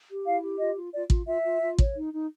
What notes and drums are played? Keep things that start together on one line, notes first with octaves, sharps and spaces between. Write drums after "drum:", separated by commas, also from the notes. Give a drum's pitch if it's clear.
G4
E4 F5
G4
F4 D#5
F4
F4 D5
F4, drum: kick
F4 E5
F4
F4
C#5, drum: kick
D#4
D#4